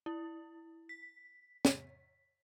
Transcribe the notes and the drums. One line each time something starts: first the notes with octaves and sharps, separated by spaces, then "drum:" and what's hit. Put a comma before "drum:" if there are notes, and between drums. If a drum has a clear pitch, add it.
E4
B6
drum: snare